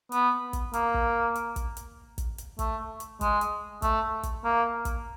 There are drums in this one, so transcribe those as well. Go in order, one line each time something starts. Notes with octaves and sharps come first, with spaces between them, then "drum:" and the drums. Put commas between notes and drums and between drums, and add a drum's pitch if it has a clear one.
B3, drum: hi-hat
drum: kick, hi-hat
A#3, drum: hi-hat
drum: kick
drum: hi-hat
drum: kick, hi-hat
drum: hi-hat
drum: kick, hi-hat
drum: hi-hat
A3, drum: kick, hi-hat
drum: hi-hat
G#3, drum: kick, hi-hat
drum: hi-hat
A3, drum: kick, hi-hat
drum: kick, hi-hat
A#3
drum: kick, hi-hat